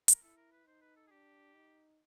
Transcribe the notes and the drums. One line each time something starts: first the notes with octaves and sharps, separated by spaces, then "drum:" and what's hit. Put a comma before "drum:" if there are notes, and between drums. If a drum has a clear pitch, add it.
A#4, drum: hi-hat
E4 A4
A#4
B4
D#4 C5
B4
A4
G#4
D4 G4
D#4